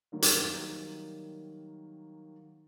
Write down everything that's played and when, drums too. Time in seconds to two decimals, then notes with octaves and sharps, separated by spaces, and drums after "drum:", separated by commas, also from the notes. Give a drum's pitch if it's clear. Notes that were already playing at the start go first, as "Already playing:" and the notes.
0.12 D#3 F#3 G3 A#3
0.22 drum: hi-hat